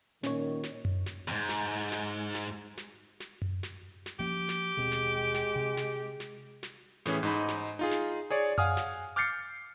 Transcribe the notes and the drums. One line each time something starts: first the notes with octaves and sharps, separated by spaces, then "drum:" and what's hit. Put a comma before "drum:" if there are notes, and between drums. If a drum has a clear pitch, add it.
A#2 D#3 C#4 C#5, drum: snare
drum: snare
drum: tom F#2
drum: snare
E2 G#2
drum: snare
drum: snare
drum: snare
drum: snare
drum: snare
drum: tom F#2
drum: snare
drum: snare
F3 A#3 C#4 G4
drum: snare
D#1 B2 G#3 C4
drum: snare
drum: snare
C3
drum: snare
drum: snare
drum: snare
A2 E3 C#4 G#4, drum: snare
G#2 D#4 B5
drum: snare
D#4 F4 G#4
drum: snare
G#4 C#5 D5
F5 F#5 G#5 D#6 F6, drum: tom F#2
drum: snare
D6 F6 G6 A6 C7 C#7